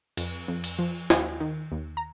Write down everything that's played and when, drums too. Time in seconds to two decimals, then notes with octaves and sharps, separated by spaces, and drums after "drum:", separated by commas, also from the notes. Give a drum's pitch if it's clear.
0.17 F2, drum: cymbal
0.48 F2
0.64 drum: cymbal
0.79 F3
1.10 D#2 D#5 G#5, drum: snare
1.40 D#3
1.72 D#2
1.97 A#5